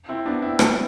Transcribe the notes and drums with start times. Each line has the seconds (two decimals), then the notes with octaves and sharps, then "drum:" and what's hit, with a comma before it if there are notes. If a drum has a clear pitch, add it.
0.09 C4 E4
0.25 B3 D4
0.42 C4 E4
0.59 drum: rim click